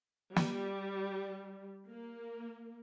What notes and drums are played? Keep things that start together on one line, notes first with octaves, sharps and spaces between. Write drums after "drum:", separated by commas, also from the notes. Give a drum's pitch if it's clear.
G3, drum: snare
A#3